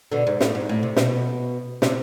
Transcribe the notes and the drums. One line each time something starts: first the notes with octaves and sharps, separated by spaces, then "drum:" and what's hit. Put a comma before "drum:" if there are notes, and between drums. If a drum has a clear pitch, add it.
B2 D3
G#2
A2, drum: snare
G#2
A2
C3
B2, drum: snare
C3, drum: snare